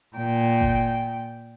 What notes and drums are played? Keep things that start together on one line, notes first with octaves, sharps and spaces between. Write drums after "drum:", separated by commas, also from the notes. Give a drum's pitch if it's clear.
A#2 G5
drum: kick G1